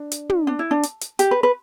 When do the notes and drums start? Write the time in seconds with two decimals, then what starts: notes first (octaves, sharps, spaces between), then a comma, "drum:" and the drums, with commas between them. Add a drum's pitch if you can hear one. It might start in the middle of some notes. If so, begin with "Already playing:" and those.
Already playing: D4
0.12 drum: hi-hat
0.29 drum: tom
0.47 D4
0.59 E4
0.71 D4
0.83 drum: hi-hat
1.01 drum: hi-hat
1.19 G4, drum: hi-hat
1.31 B4
1.43 B4